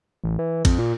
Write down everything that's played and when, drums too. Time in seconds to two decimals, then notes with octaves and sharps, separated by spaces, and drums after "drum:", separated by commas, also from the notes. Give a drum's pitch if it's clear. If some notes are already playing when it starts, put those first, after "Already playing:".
0.24 A1
0.39 E3
0.65 F2, drum: kick, cymbal
0.79 A#2